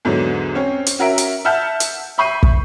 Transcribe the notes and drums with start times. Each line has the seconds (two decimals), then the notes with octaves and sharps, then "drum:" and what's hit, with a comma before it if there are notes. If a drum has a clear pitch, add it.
0.05 E2 G#2 D3 F#3
0.55 C4 C#4
0.86 drum: hi-hat
0.99 C#4 F#4 A#4 E5 D7
1.18 drum: hi-hat
1.45 E5 F#5 A5 F6 G6
1.80 drum: hi-hat
2.18 E5 B5 C#6 G6 C7 D#7
2.43 drum: kick